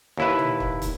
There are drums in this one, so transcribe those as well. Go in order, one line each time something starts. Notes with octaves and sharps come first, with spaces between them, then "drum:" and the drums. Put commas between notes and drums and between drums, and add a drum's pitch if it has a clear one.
D#2 E4 B4
drum: tom A#2
drum: kick
drum: kick, hi-hat